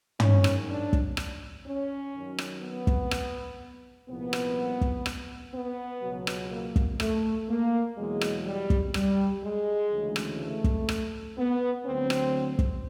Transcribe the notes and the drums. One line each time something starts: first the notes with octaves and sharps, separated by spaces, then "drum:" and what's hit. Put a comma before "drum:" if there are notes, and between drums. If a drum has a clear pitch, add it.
G#2 D#3 F#3 C#4, drum: tom
drum: rim click
D4
drum: kick
drum: rim click
C#4
F#2 D#3 F#3
drum: rim click
B3
drum: kick
drum: rim click
C2 A#2 F3 B3
drum: rim click
drum: kick
drum: rim click
B3
C#2 B2 F#3
drum: rim click
A#3
drum: kick
A3, drum: rim click
A#3
E2 B2 F#3 G#3
drum: rim click
G3
drum: kick
G3, drum: rim click
G#3
D2 C#3 E3
drum: rim click
A3
drum: kick
drum: rim click
B3
D2 D3 F#3 C4
drum: rim click
drum: kick